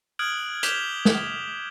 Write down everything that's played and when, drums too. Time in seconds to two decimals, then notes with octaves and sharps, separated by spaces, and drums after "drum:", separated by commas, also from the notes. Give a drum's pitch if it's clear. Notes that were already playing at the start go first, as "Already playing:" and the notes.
0.19 D#6 F6 F#6 G#6 D7 F#7
0.63 D6 G6 B6 E7 F7 G7, drum: hi-hat
1.05 drum: snare